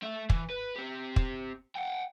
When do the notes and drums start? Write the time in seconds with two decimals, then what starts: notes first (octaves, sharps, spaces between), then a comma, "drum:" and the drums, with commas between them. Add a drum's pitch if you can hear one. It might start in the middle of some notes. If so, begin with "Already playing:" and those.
0.02 A3 E5
0.30 E3, drum: kick
0.49 B4
0.76 C4 G4
1.16 drum: kick
1.75 F#5 G5